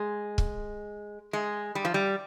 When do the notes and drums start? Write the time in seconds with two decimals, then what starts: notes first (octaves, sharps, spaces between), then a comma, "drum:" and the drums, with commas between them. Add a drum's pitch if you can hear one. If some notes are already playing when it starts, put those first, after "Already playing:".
Already playing: G#3
0.38 drum: kick
1.33 G#3
1.75 G3
1.85 F3
1.94 G3